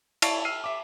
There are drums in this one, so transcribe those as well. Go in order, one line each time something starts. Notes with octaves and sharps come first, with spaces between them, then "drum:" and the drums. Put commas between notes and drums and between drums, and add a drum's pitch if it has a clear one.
E4 D5 A5 C#6 C7 D7, drum: cymbal
E6 F6 C7 D#7
E5 D6